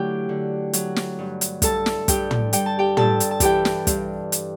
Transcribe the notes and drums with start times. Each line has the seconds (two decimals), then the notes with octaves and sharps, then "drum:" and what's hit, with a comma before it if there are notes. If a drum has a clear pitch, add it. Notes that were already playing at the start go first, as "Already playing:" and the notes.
Already playing: D3 F#3 A3 E4 G4 E5 G5
0.29 D3
0.73 F#3, drum: hi-hat
0.96 drum: snare
1.19 G2
1.41 drum: hi-hat
1.62 G2 A4 A5, drum: kick, hi-hat
1.86 drum: snare
2.08 G2 G4 G5, drum: kick, hi-hat
2.31 drum: tom
2.53 G3 G5, drum: hi-hat
2.66 A5
2.79 G4 G5
2.97 G2 A4 A5, drum: tom
3.20 drum: hi-hat
3.31 A5
3.40 E3 G4 G5, drum: kick, hi-hat
3.65 drum: snare
3.87 G2, drum: kick, hi-hat
4.32 drum: hi-hat